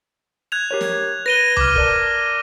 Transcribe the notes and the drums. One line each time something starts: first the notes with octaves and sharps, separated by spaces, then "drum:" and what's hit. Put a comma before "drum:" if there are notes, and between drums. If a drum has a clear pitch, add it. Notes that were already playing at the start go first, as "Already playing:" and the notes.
F#6 G#6 F7
G4 A#4 C#5
drum: snare
B4 A#6 D#7 G7
D6 F6, drum: tom C#2
A#4 D5 A5, drum: kick